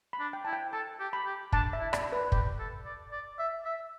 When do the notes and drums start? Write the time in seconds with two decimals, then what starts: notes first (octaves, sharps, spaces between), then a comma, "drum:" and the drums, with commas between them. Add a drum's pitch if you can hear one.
0.13 B5
0.20 D4
0.33 G5
0.45 E4 A5
0.53 G5
0.73 A4 A5
1.00 G4
1.13 B5
1.26 G4
1.52 D4 A5, drum: kick
1.73 E5
1.80 E4
1.93 D5, drum: rim click
2.13 B4
2.32 G4 B4, drum: kick
2.59 A4
2.85 D5
3.12 D5
3.39 E5
3.65 E5